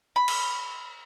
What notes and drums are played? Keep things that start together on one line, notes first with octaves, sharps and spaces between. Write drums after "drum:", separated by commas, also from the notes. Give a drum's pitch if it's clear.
B5
drum: cymbal